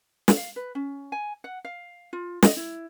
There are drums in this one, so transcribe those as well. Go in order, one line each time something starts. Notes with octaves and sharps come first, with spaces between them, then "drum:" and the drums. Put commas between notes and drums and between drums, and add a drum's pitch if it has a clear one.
drum: snare
F5
B4
C#4
G#5
F#5
F5
F4
D#5, drum: snare
E4